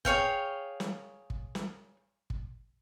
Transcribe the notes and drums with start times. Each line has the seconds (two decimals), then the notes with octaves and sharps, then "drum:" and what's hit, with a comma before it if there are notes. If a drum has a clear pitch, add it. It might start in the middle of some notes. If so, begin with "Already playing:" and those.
0.05 G#4 C#5 F5 G5, drum: kick
0.80 drum: snare
1.30 drum: kick
1.55 drum: snare
2.30 drum: kick